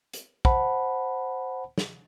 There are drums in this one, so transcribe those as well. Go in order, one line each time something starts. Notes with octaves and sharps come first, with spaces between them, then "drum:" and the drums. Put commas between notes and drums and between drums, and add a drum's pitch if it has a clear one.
drum: hi-hat
C5 F#5 A5 B5, drum: kick
drum: snare